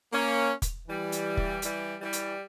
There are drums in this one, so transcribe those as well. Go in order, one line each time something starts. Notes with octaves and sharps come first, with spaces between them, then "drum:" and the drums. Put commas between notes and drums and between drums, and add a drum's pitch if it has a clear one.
A#3 C#4
drum: kick, hi-hat
E3 G3
drum: hi-hat
drum: kick
E3 G3, drum: hi-hat
E3 G3
drum: hi-hat